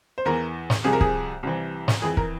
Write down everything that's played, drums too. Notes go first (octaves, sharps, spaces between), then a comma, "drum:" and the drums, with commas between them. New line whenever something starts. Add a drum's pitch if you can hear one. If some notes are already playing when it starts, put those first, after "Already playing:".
C5
E2 E3 A#4
drum: snare
C2 C3 F3 G#4
A#4
G#4, drum: kick
C2 C3 E3
drum: snare
F2 E3 G#4
A#4, drum: kick